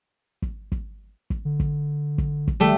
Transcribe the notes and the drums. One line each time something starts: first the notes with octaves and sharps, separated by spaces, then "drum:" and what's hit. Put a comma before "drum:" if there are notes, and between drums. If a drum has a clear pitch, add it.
drum: kick
drum: kick
drum: kick
D3
drum: kick
drum: kick
drum: kick
D#3 G3 A3